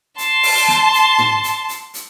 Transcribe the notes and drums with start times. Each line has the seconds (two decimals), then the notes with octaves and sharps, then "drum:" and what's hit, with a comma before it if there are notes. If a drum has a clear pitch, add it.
0.18 A5 C6, drum: hi-hat
0.43 drum: open hi-hat
0.68 drum: snare
0.93 drum: hi-hat
1.18 drum: tom
1.44 drum: hi-hat
1.69 drum: hi-hat
1.94 drum: hi-hat